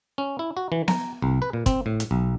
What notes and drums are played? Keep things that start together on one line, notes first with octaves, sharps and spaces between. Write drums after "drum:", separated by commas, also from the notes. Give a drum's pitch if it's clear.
C#4
E4
F#4
E3
A#5, drum: snare B3
C2
B4
A#2
C4, drum: kick, hi-hat
A2
drum: hi-hat
B1